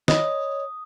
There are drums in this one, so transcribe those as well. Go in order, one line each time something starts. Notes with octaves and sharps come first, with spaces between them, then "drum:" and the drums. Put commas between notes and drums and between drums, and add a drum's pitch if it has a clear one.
C#5 D#5 B5 D#6, drum: snare